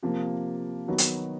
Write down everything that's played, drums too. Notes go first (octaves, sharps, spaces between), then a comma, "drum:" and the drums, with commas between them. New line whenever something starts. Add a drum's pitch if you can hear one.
C3 F3 A#3
D#3 F#3 B3 D#4 F#4
drum: hi-hat